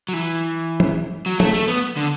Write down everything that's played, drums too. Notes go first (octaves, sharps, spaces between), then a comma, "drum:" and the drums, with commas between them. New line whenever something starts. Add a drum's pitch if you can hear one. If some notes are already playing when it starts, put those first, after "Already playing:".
F#3
E3
drum: tom
F#3
A3, drum: tom
A3
B3
D3